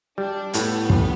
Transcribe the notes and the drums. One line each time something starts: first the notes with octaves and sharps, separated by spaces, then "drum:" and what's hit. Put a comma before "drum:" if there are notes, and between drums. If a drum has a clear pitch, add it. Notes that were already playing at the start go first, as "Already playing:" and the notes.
G3 D4
A2 B3, drum: hi-hat
A1, drum: kick